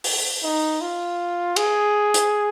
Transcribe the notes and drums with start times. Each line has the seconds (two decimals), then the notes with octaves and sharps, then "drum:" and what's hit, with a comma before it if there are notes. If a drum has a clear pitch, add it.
0.04 drum: open hi-hat
0.43 D#4
0.81 F4
1.56 G#4, drum: cymbal
2.14 drum: hi-hat